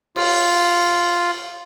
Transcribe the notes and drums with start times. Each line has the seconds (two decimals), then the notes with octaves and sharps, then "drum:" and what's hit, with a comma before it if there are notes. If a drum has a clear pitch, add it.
0.16 F4, drum: cymbal